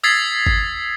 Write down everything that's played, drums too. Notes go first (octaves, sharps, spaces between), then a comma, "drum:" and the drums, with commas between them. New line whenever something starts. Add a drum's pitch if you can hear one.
D#6 E6 G#6 A6 B6 C7
drum: kick G#1